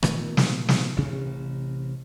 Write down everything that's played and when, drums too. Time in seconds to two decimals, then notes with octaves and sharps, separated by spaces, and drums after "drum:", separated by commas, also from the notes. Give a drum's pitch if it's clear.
0.03 A#2 D#3 A3 B3, drum: rim click
0.37 drum: snare
0.69 drum: snare
0.96 A1 C3